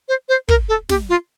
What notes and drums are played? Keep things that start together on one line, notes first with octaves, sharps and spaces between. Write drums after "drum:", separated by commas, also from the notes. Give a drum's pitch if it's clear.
C5
C5
A#4, drum: kick
A4
G4, drum: snare
F4